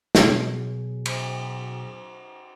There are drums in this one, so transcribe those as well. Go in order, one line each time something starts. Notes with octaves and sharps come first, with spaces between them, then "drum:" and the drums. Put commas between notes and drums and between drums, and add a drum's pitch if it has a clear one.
B2 F#3 G#4, drum: snare
drum: cymbal